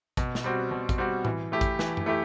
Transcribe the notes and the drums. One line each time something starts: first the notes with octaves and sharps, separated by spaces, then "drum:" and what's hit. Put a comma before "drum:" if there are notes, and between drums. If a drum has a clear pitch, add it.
B2, drum: kick A1, hi-hat
drum: snare
G3 C4 F#4
B2
drum: kick A1, hi-hat
G3 C4 F#4
E3, drum: tom A2
A3 E4 G4
drum: kick A1, hi-hat
E3, drum: snare
drum: tom F#2
A3 E4 G4